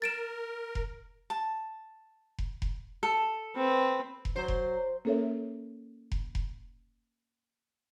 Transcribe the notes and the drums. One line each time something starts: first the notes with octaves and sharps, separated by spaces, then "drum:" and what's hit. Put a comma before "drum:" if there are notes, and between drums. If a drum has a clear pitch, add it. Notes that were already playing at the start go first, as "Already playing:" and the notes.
A#4 A6 D7 E7
drum: kick F1
A5
drum: kick F1
drum: kick F1
A4
C4 B4
drum: kick F1
F#3 C5
drum: kick F1
A#3 C#4 A4 A#4 C#5 E5
drum: kick F1
drum: kick F1